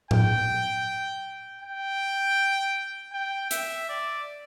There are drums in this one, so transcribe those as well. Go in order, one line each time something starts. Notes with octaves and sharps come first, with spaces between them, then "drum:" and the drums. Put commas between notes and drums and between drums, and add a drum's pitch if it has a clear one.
G5, drum: tom A2
G5
G5
E5, drum: hi-hat
D5